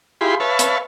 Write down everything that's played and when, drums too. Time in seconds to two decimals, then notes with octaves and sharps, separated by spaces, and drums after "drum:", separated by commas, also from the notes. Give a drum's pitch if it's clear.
0.21 E4 F4 G4 G#4 B5 C6
0.40 B4 C#5 E5 F5 A5
0.59 drum: hi-hat